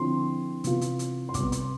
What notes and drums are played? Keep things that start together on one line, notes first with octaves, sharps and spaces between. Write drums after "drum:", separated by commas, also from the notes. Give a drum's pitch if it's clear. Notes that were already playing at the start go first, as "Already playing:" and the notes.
Already playing: D3 F3 C4 E4 C6
C3 E3 B3 F4, drum: hi-hat
drum: hi-hat
drum: hi-hat
C6
C3 G3 B3 D6, drum: kick, hi-hat
C6, drum: hi-hat